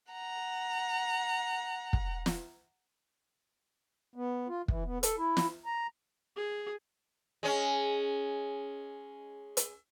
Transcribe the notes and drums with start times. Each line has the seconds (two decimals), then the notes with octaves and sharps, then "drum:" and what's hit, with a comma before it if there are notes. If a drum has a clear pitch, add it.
0.12 F#5 A#5
1.93 drum: kick
2.26 drum: snare
4.16 B3
4.49 F4
4.68 E3, drum: kick
4.85 B3
5.03 A4, drum: hi-hat
5.18 E4
5.37 drum: snare
5.66 A#5
6.36 G#4
7.43 G#3 C#4
9.57 drum: hi-hat